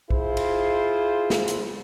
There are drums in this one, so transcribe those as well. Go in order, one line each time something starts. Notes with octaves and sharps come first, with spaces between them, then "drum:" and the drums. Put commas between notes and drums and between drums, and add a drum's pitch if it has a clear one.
E4 F4 G#4 C5, drum: kick B1
drum: cymbal
drum: snare
drum: hi-hat